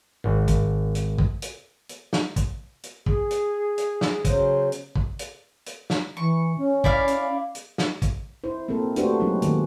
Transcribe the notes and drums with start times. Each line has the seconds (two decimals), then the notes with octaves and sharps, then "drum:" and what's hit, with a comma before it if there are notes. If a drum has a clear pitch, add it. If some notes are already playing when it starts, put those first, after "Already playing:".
0.24 G#1
0.48 drum: kick, hi-hat
0.95 drum: hi-hat
1.18 drum: kick
1.42 drum: hi-hat
1.89 drum: hi-hat
2.13 drum: snare
2.36 drum: kick, hi-hat
2.83 drum: hi-hat
3.06 G#4, drum: kick
3.31 drum: hi-hat
3.78 drum: hi-hat
4.01 drum: snare
4.25 C#3 F#3 C5, drum: kick, hi-hat
4.72 drum: hi-hat
4.96 drum: kick
5.19 drum: hi-hat
5.66 drum: hi-hat
5.90 drum: snare
6.17 E3 C#6
6.57 C#4
6.84 E4 D5 F5, drum: kick
7.08 drum: hi-hat
7.55 drum: hi-hat
7.78 drum: snare
8.02 drum: kick, hi-hat
8.44 E4 C5
8.68 A#3 C4 F#4 A4 A#4
8.96 A3 D4 F#4 G4 B4 C5, drum: hi-hat
9.20 F#3 G#3 A#3 C#4 D#4 F4
9.42 D#3 A#3 C#4, drum: hi-hat